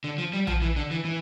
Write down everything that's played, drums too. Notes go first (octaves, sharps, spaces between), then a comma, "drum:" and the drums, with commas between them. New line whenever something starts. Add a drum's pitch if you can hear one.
D3
F3
G3
F3, drum: tom A#1
E3
D3
E3
E3